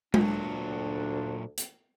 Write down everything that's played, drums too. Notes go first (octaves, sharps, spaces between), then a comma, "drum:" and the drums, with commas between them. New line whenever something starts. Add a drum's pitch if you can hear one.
D2 A#2 F#3 D4, drum: tom G#3
drum: hi-hat